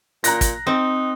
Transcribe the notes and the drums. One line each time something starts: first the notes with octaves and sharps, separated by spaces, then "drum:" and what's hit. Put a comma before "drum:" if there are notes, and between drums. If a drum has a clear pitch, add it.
A#2 A#5 F#6 A#6, drum: hi-hat
drum: kick, hi-hat
C4 D#4